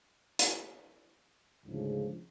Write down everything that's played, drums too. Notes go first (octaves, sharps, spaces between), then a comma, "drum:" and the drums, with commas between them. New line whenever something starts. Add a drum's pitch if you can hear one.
drum: hi-hat
D2 G#2 C#3 F3